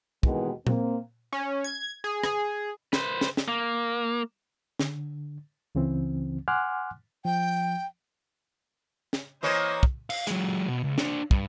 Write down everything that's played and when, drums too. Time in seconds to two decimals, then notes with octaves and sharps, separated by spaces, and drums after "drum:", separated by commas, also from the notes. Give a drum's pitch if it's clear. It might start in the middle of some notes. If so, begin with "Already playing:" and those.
0.23 D#2 B2 D#3 E3 G#3, drum: kick
0.67 A#3 C4, drum: tom A#2
1.32 C#4
1.64 G#6
2.04 G#4
2.24 G#4, drum: rim click
2.93 B4 C5, drum: snare
3.21 drum: snare
3.37 drum: snare
3.48 A#3
4.79 D3, drum: snare
5.75 C#2 C#3 E3 C4
6.48 F#5 G#5 C6 D6 F6 F#6
7.25 F3 G5
9.13 drum: snare
9.43 E3 A#3 C5 C#5 D#5
9.83 drum: kick
10.10 F5, drum: cymbal
10.27 F#3 G#3, drum: hi-hat
10.68 B2
10.84 C#2
10.98 D4 C5, drum: snare
11.31 G2, drum: kick